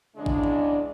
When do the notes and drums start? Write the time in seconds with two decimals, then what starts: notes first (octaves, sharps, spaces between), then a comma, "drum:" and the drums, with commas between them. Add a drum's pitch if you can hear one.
0.16 E2 C#3 G#3 D4
0.26 drum: kick A1
0.44 drum: tom G#2